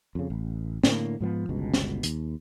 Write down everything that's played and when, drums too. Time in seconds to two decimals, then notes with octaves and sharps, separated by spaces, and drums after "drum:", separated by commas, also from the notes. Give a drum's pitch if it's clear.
0.15 F2 C#3
0.30 A1
0.83 A2 D3 A#3, drum: snare
1.20 G#2 F3 A#3 B3
1.49 G1 C#2 B2
1.74 drum: snare
2.03 D#2, drum: hi-hat